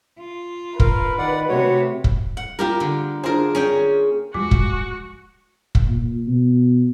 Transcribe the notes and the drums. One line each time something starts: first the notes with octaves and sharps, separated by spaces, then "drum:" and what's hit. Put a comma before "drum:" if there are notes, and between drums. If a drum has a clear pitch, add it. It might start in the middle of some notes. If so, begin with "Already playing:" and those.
F4
A#4 B4, drum: kick
D#3 D5 F#5
C3 A3 F#4 C#5
drum: kick
F#5
G3 A#3 F4 G4 A#4
D3
D4 F4 G#4 A#4 C5
C#4 G#4 G5
E2 F3 G3 G#3 F#4 D6
drum: kick
drum: kick
A#2
B2